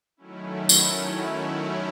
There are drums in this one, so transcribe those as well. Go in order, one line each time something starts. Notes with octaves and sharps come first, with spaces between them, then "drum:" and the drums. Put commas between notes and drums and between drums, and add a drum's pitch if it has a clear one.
D#3 F#3 A3 C#4 E4
drum: tambourine